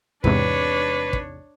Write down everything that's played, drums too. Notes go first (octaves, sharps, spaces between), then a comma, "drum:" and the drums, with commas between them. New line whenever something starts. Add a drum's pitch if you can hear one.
E2 G#2 C3 D4 B4 C#5, drum: kick
drum: kick